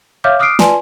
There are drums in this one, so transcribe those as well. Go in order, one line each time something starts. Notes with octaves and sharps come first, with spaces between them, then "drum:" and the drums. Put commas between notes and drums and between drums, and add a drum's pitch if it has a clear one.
C#5 E5 F5 D6 F6 G6
D6 D#6 F6 F#6 C7 D7
F4 B4 D5 G#5 A5 C6, drum: snare